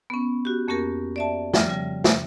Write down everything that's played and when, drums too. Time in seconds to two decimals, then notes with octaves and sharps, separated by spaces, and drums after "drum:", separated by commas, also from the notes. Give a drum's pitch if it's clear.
0.10 B3 C#4
0.45 F#4 G4
0.68 F2 A#3 C#4 G4 A#4
1.16 D5 E5 A5
1.54 F3 G3 F6, drum: snare
1.68 C#3 G3
2.04 drum: snare